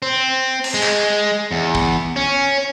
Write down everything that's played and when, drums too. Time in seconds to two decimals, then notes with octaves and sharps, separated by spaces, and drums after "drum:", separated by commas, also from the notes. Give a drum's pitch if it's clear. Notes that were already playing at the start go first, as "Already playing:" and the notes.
0.02 C4
0.64 drum: cymbal
0.74 G#3
0.83 drum: clap
1.51 E2
1.75 drum: kick
2.16 C#4